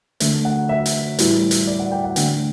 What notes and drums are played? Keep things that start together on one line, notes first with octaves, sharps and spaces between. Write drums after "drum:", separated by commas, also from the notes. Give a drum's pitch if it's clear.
D3 A3, drum: hi-hat
F#5
E5
drum: hi-hat
A2 E3 G3, drum: hi-hat
drum: hi-hat
D5
F#5
G5
F#5
D3 A3 G5, drum: hi-hat